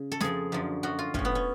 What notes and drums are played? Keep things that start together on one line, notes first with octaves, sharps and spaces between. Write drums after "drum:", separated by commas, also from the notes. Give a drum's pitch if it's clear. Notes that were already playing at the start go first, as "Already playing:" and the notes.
Already playing: C#3
A4
F2 F3 G#4, drum: snare
F#2 D3 F3
F#2 F3 F#4
F4
A2 F3 C#4, drum: kick
B3
C#4